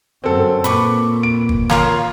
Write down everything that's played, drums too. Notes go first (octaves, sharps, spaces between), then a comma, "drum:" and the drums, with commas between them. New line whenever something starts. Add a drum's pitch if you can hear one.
F#2 C4 A4
A#2 B4 C#6 D6, drum: hi-hat
D7
drum: kick
F4 A#4 C#5 F5, drum: snare